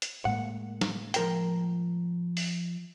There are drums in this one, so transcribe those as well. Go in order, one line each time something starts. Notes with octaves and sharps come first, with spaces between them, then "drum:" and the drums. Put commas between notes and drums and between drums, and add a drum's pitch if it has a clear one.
drum: hi-hat
A2 G#3 A#3 F#5
drum: snare
F3 A#4 G5, drum: hi-hat
drum: open hi-hat